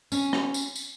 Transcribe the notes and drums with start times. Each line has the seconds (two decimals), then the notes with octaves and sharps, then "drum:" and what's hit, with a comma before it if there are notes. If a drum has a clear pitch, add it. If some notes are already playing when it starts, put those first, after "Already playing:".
0.12 C#4, drum: tambourine
0.33 drum: rim click
0.54 drum: tambourine
0.76 drum: tambourine